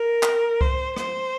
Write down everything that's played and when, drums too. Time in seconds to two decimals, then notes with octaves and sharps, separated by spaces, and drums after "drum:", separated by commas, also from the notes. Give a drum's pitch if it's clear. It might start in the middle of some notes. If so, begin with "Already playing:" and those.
Already playing: A#4
0.23 drum: clap
0.61 C5, drum: kick C2
0.96 C5, drum: rim click